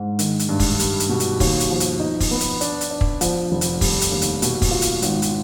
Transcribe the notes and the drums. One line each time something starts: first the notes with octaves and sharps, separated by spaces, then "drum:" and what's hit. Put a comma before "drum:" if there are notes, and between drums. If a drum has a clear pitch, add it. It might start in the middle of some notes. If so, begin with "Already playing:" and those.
Already playing: G#2
D#3, drum: hi-hat
drum: hi-hat
G2
drum: kick, open hi-hat
G3, drum: hi-hat
drum: hi-hat
B2
drum: hi-hat
D#2, drum: kick, open hi-hat
drum: hi-hat
F3
drum: hi-hat
D#4
drum: kick, open hi-hat
B3
drum: hi-hat
D4, drum: hi-hat
drum: hi-hat
D4
drum: kick
F3, drum: hi-hat
F1
drum: hi-hat
G3, drum: kick, open hi-hat
drum: hi-hat
D#2
drum: hi-hat
B2, drum: hi-hat
drum: kick, open hi-hat
F4
drum: hi-hat
G#1, drum: hi-hat
drum: hi-hat